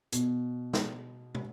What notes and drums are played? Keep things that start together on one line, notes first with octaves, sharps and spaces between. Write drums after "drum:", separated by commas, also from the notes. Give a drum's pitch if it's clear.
B2, drum: hi-hat
drum: snare
drum: tom